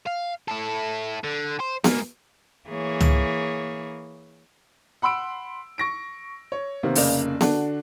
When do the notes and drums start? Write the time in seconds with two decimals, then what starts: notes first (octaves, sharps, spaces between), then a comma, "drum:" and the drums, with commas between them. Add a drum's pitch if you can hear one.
0.07 F5
0.48 E4 A4
1.24 D3
1.60 C5
1.84 G#2 A#3, drum: snare B3
2.69 E3 A#3 G#4 C#5
3.00 drum: tom
5.02 F#5 B5 C6 E6 D7
5.78 C#6 A#6 D7
6.52 C#5
6.83 C3 D#3 A#3 B3
6.95 F1 C#3 A#3 D5, drum: open hi-hat
7.41 D3 D4 F#4, drum: snare B3